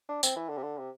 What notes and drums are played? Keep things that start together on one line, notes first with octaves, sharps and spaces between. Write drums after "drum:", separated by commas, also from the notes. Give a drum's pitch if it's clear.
D4
C4, drum: tambourine
E3
D3
C3
D3
C3